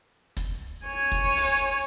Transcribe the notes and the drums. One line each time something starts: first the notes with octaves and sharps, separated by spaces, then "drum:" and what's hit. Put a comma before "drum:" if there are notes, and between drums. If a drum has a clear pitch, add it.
drum: kick, hi-hat
C#5 G#5
drum: kick
drum: open hi-hat